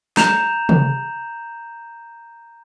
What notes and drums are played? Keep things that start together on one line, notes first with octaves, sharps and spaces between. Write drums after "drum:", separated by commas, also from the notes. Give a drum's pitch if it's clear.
A#5 G6 E7 F7, drum: snare
drum: tom